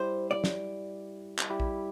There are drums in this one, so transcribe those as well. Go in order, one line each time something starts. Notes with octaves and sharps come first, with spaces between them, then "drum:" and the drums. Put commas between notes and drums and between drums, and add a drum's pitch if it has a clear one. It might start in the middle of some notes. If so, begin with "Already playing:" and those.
Already playing: G3 E4 G4 C5
D5
drum: snare
drum: clap
G3 E4 G4
drum: kick A#1